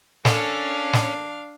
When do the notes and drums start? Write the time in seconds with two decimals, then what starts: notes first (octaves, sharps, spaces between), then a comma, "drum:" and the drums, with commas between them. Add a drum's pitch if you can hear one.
0.25 A#3 C#4 D4 A4 F5, drum: snare
0.93 drum: snare